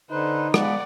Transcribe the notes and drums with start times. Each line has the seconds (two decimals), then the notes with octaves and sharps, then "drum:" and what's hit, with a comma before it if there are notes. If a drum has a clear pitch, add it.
0.11 D3 D#4 B4 C5
0.54 F3 G#3 B3 D5 F#5, drum: rim click